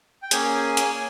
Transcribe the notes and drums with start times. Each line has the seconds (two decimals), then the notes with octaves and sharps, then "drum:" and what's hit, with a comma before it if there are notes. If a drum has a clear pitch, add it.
0.22 G5
0.31 A#3 C#4 G#4 G#5, drum: hi-hat
0.77 drum: hi-hat